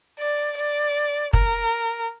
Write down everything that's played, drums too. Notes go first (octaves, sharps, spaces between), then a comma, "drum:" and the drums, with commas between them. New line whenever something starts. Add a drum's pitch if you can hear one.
D5
D5
A#4, drum: kick